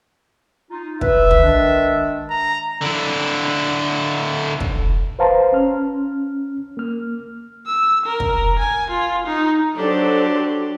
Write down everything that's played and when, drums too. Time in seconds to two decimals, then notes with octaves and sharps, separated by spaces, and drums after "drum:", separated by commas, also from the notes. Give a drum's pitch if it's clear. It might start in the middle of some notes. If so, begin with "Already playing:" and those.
0.71 D#4 F4
1.01 B4 E5, drum: kick
1.31 drum: tom
1.42 D#3 G#3 D4
2.30 A#5
2.82 D3 E4
4.60 drum: kick
5.19 B4 C5 F5 A5 A#5 C6
5.52 C#4 F6
6.77 A#3 F6
7.67 E6
8.06 A#4
8.20 drum: kick
8.59 G#5
8.91 F4
9.27 D#4
9.75 F#3 D4 G4 A4 C5